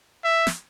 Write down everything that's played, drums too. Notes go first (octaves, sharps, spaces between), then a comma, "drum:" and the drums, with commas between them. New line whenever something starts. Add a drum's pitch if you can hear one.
E5
drum: snare